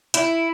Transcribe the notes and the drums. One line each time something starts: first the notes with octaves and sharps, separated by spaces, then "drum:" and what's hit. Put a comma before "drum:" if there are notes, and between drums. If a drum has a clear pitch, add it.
E4, drum: hi-hat